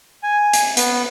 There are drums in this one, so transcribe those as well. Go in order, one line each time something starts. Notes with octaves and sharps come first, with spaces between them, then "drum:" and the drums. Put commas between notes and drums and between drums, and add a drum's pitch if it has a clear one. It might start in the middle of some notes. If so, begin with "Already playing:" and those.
G#5
drum: hi-hat
B3, drum: hi-hat